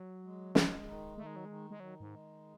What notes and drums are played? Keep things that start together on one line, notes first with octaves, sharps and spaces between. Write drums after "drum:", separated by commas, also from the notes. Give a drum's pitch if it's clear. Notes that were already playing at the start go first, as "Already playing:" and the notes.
Already playing: F#3
G#3
G#3, drum: snare
D#3
D#3 A3
G#3
F#3
D#3 G#3
G#3
D#3 F#3
G#2
G#3